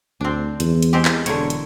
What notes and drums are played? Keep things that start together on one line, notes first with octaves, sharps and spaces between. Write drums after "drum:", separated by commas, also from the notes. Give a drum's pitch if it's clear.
D2 C4 D4
E2, drum: hi-hat
drum: hi-hat
G#3 C4 G4
drum: clap
E1 D3 A#4 C#5, drum: hi-hat
drum: hi-hat